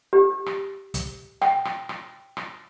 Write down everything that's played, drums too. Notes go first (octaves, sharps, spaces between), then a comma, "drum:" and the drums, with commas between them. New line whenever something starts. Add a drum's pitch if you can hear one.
G4
drum: rim click
drum: kick, hi-hat
G5, drum: rim click
drum: rim click
drum: rim click
drum: rim click